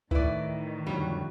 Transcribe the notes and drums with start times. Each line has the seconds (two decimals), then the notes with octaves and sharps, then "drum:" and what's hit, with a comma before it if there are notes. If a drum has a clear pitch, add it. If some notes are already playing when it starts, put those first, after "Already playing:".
0.11 A2 D#3 E4 B4 D5, drum: kick C#2
0.87 F2 D3 F#3 G3